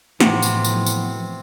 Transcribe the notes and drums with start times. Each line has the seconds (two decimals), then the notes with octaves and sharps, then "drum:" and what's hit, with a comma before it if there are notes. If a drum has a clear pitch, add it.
0.20 A2 C3 E3 F3 B3 F#4, drum: snare
0.42 drum: tambourine
0.64 drum: tambourine
0.86 drum: tambourine